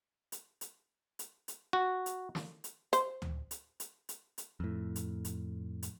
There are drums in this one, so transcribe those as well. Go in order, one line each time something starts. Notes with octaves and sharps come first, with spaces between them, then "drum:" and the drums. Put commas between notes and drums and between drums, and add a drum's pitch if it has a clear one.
drum: hi-hat
drum: hi-hat
drum: hi-hat
drum: hi-hat
F#4
drum: hi-hat
drum: snare
drum: hi-hat
C5, drum: hi-hat
drum: tom D2
drum: hi-hat
drum: hi-hat
drum: hi-hat
drum: hi-hat
F2 A2
drum: hi-hat
drum: hi-hat
drum: hi-hat